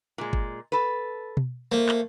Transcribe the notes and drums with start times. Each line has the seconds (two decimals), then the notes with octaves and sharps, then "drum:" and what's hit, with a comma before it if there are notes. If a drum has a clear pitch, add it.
0.18 A#2 G#3
0.33 drum: kick G1
0.72 A4 B4
1.37 drum: tom B2
1.72 A3 A#3 C5
1.89 drum: clap